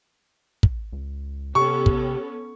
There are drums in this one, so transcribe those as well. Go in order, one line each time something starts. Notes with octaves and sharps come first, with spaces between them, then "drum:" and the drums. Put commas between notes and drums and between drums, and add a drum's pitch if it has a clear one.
drum: kick
C#2
C3 B3 C#4 G4 A4 C#6
drum: kick